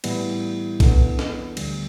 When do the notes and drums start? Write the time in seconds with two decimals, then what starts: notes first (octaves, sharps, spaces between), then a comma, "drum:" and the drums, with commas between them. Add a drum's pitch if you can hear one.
0.04 A2 E3 G3 B3 E4, drum: cymbal
0.80 E3 B3 D4 A4, drum: kick B1, cymbal
1.19 drum: snare
1.57 D2 D3 G3, drum: cymbal